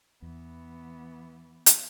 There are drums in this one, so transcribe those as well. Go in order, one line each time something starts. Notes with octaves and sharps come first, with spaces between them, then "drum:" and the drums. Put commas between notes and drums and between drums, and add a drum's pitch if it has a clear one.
E2 E3 B3
drum: hi-hat